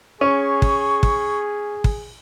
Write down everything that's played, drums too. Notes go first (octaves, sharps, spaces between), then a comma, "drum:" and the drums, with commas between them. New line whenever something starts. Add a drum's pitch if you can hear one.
C#4 G#4 C#6
drum: kick
drum: kick
drum: kick